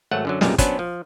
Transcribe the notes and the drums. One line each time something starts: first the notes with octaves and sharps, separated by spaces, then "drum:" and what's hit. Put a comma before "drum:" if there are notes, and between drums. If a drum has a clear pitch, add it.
G#1 F#3 A3 F#5
F#2 D3 F#3
B1 F#2 A#2 G3 G#3, drum: snare
F#3 B3 C#4 D4 B4 C5, drum: kick, hi-hat
F3